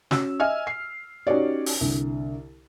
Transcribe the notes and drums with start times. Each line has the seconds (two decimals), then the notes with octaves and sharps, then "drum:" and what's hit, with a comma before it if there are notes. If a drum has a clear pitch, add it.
0.11 C#4 F#4 E6, drum: snare
0.40 D#5 E5 G#5 F6
0.67 C7
1.27 C#4 D#4 F#4 G4 C#5 D5
1.66 drum: open hi-hat
1.81 C2 D3